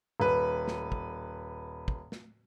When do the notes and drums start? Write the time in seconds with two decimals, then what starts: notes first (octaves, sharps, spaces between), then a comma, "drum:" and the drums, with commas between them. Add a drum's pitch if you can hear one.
0.20 D#1 B4
0.68 drum: snare
0.92 drum: kick
1.88 drum: kick
2.12 drum: snare